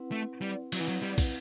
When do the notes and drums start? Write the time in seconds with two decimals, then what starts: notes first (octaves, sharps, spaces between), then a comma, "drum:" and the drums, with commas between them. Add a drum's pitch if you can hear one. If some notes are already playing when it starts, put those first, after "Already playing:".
Already playing: C4 E4 B4 F#5
0.12 A3
0.41 G3
0.72 F#3 C4 E4 B4 F#5, drum: cymbal
0.80 E3
0.88 F#3
1.02 G3
1.18 drum: kick, cymbal